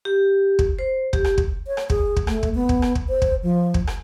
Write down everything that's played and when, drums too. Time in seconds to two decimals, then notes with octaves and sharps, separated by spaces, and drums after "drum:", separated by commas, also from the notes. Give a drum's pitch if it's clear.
0.05 G4
0.59 drum: kick
0.79 C5
1.13 G4, drum: kick
1.24 drum: rim click
1.38 drum: kick
1.68 C#5
1.77 drum: rim click
1.90 G#4, drum: kick
2.16 drum: kick
2.27 A3, drum: rim click
2.43 drum: kick
2.55 B3
2.69 drum: kick
2.82 drum: rim click
2.95 drum: kick
3.09 C5
3.22 drum: kick
3.43 F3
3.74 drum: kick
3.87 drum: rim click